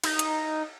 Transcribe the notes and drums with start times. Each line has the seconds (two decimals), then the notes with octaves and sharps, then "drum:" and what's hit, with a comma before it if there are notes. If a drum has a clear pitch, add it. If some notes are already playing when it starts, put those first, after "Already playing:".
0.04 D#4, drum: cymbal
0.19 drum: hi-hat